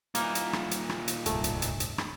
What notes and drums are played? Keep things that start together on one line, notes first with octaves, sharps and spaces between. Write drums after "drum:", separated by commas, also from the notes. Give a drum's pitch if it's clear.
A#2 E3 A#3 D#4, drum: hi-hat
drum: hi-hat
drum: rim click
drum: hi-hat
drum: rim click
drum: hi-hat
D1 C2 G2 A3, drum: hi-hat
drum: hi-hat
drum: hi-hat
drum: hi-hat
drum: rim click